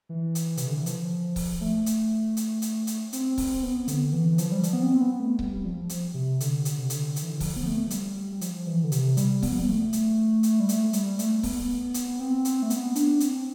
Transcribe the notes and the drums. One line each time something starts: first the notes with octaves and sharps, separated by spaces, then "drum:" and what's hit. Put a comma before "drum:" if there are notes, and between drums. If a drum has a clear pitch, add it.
E3
drum: hi-hat
C3, drum: hi-hat
D3
E3
F3, drum: hi-hat
drum: kick C#1, open hi-hat
A3
drum: hi-hat
drum: hi-hat
drum: hi-hat
drum: hi-hat
C4, drum: hi-hat
C4, drum: kick C#1, open hi-hat
B3
D3, drum: hi-hat
E3
E3
F3, drum: hi-hat
G3
F3, drum: hi-hat
B3
C4
C4
B3
A3
G3, drum: kick C#1
G3
F3
drum: hi-hat
C3
D3, drum: hi-hat
D3, drum: hi-hat
C3
D3, drum: hi-hat
D3, drum: hi-hat
E3
D3
F3, drum: kick C#1, open hi-hat
B3
A3
F3
G3, drum: hi-hat
G3
G3
F3, drum: hi-hat
E3
D3
C3, drum: hi-hat
G3, drum: hi-hat
B3, drum: kick C#1, open hi-hat
F3
G3
A3
drum: hi-hat
drum: hi-hat
G3
A3, drum: hi-hat
A3
G3, drum: hi-hat
A3, drum: hi-hat
A3
B3, drum: kick C#1, open hi-hat
drum: hi-hat
B3
C4
C4, drum: hi-hat
A3
B3, drum: hi-hat
D4, drum: hi-hat
C4, drum: hi-hat